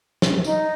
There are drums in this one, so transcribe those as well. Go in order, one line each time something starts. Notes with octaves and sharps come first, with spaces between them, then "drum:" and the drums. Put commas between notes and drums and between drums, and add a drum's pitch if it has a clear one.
drum: snare
D#4, drum: tambourine